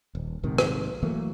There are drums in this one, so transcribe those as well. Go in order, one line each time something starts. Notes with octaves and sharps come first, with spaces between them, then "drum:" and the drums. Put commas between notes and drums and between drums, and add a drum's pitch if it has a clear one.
D#1
A#1 G#2 C3 D#3
drum: rim click
E3 F#3 A3 A#3